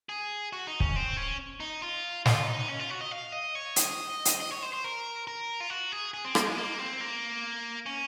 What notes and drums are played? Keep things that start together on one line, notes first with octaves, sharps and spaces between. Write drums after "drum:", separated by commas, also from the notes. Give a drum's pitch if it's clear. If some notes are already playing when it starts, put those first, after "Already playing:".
G#4
F#4
D#4
C#4, drum: kick
C4
C#4
D#4
F4
F4, drum: snare
D#4
C#4
F4
F#4
D#5
F5
D#5
C#5
D#5, drum: hi-hat
drum: hi-hat
D#5
C#5
C5
C5
A#4
A#4
F4
F#4
G#4
G#4
C4
A#3, drum: rim click
G#3
A#3
C4
A#3
C#4